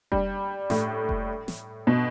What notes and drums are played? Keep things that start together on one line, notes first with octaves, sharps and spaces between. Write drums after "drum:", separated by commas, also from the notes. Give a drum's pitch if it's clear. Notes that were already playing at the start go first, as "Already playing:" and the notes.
G3, drum: kick F1
A2, drum: snare
drum: kick F1
drum: snare
B2